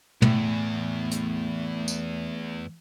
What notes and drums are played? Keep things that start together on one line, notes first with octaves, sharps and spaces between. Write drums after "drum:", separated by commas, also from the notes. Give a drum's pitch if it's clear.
E2 A2 A3, drum: tom
drum: hi-hat
drum: tambourine